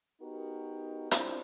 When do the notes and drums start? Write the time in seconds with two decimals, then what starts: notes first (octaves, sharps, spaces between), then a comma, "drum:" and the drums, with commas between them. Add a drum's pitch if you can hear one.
0.21 B3 D#4 F#4 G4 A#4
1.11 C4 D4 E4 F4 G4 C5, drum: hi-hat